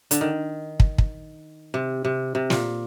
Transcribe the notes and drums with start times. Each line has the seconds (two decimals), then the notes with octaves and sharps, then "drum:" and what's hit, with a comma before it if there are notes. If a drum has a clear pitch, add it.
0.11 D3, drum: hi-hat
0.21 D#3
0.80 drum: kick
0.98 drum: kick
1.74 C3
2.05 C3
2.35 C3
2.50 A#2, drum: snare